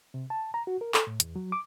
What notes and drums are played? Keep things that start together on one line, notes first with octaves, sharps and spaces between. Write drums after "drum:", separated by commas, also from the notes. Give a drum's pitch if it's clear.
C3
A5
A#5
F#4
A#4
A4, drum: clap
A2
E2, drum: hi-hat
F#3
D6